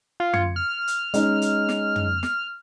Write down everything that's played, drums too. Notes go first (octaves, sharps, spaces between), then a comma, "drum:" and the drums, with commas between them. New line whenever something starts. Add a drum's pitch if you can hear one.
F4
G#6 C#7, drum: tom
F6
drum: hi-hat
G#3 C#4 D#4, drum: hi-hat
drum: hi-hat
drum: snare
drum: tom
drum: snare